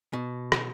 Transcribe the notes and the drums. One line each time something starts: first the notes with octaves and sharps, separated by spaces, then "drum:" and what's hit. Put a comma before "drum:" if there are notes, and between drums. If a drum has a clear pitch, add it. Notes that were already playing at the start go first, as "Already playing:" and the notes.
B2
drum: rim click